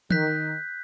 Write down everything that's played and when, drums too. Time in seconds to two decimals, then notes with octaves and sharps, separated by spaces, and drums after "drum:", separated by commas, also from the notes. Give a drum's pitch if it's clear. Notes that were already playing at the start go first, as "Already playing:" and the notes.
0.11 D#3 F#6 G6 B6, drum: tom